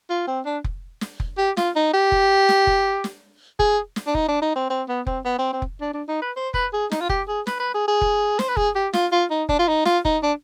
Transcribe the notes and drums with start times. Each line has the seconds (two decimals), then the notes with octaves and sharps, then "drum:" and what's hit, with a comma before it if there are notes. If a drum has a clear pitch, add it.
0.10 F4
0.27 C4
0.45 D4
0.64 drum: kick F1
1.01 drum: snare
1.20 drum: kick F1
1.38 G4
1.57 F4, drum: snare
1.76 D#4
1.93 G4
2.12 drum: kick F1
2.49 drum: snare
2.67 drum: kick F1
3.04 drum: snare
3.59 G#4, drum: kick F1
3.96 drum: snare
4.07 D4
4.15 D#4, drum: kick F1
4.28 D4
4.42 D#4
4.56 C4
4.70 C4
4.88 B3
5.07 C4, drum: kick F1
5.25 B3
5.38 C4
5.53 C4
5.62 drum: kick F1
5.81 D4
5.94 D4
6.08 D#4
6.21 B4
6.36 C5
6.54 B4, drum: kick F1
6.73 G#4
6.91 D#4, drum: snare
7.00 F4
7.09 G4, drum: kick F1
7.28 G#4
7.47 B4, drum: snare
7.60 B4
7.74 G#4
7.88 G#4
8.01 drum: kick F1
8.39 C5, drum: snare
8.48 B4
8.57 G#4, drum: kick F1
8.75 G4
8.93 F4, drum: snare
9.12 F4
9.31 D#4
9.49 D4, drum: kick F1
9.59 F4
9.68 D#4
9.85 F4, drum: snare
10.05 D#4, drum: kick F1
10.23 D4